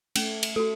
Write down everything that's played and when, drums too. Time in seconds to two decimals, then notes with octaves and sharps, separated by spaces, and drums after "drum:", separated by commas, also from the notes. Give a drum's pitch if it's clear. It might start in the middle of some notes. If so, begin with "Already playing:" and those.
0.16 A3 C#4, drum: cymbal
0.43 drum: cymbal
0.56 A3 F#4 A4